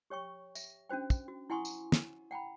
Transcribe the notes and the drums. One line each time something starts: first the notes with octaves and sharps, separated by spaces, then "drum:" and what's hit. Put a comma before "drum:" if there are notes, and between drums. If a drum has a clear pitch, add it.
G4 C#5 G5 C#6
E5, drum: tambourine
C#4 D4 F#4 C5 G5
drum: kick, tambourine
F#4
E4 F#5 G#5 C6 C#6 D#6
drum: tambourine
drum: snare
F#5 G5 A#5 B5